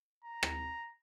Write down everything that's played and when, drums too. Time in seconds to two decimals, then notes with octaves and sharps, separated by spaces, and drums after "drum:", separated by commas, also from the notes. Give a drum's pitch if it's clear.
0.24 A#5
0.43 drum: rim click